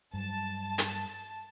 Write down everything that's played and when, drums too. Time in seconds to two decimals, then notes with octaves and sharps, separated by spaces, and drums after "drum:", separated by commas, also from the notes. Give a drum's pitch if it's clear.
0.14 G2 F#3 A5
0.78 drum: hi-hat